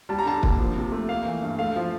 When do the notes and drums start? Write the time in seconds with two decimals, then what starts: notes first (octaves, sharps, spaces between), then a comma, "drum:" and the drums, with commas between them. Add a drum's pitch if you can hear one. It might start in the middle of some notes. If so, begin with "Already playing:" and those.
0.09 G3 A5
0.19 A#5
0.26 D3 A5
0.43 A#3, drum: kick
0.59 F3
0.76 C3
0.92 A3
1.09 A#3 F5
1.26 E3
1.42 G2
1.59 A3 F5
1.76 F3